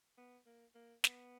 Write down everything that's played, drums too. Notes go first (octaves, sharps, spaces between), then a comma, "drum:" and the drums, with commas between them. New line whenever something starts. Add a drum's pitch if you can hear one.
B3
A#3
A#3
B3, drum: snare